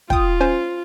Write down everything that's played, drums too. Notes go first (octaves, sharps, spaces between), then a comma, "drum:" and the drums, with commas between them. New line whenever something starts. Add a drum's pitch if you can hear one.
F4 G5 D#6, drum: kick
C#4 C5 G#5